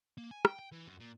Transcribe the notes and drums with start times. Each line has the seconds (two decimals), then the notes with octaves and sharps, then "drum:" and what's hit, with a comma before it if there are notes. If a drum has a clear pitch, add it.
0.18 A#3
0.31 G#5
0.45 G5, drum: rim click
0.59 G5
0.72 E3
0.87 F#2
1.00 A#2